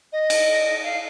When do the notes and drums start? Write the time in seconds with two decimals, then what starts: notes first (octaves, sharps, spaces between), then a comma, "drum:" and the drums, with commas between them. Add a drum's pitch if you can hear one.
0.12 D#5
0.30 drum: cymbal
0.83 F5